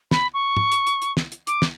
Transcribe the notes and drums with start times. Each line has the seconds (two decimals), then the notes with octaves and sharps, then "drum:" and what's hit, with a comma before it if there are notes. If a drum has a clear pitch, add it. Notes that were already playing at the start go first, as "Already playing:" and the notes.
0.11 B5, drum: snare
0.34 C#6
0.57 drum: tom
0.72 drum: hi-hat
0.87 drum: hi-hat
1.02 drum: hi-hat
1.17 drum: snare
1.32 drum: hi-hat
1.47 D6, drum: hi-hat
1.62 drum: snare